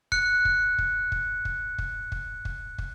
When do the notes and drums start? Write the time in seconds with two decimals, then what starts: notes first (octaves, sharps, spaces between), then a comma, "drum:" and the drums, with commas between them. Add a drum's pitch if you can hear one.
0.12 F#6 C#7, drum: kick
0.45 drum: kick
0.78 drum: kick
1.12 drum: kick
1.45 drum: kick
1.78 drum: kick
2.12 drum: kick
2.45 drum: kick
2.78 drum: kick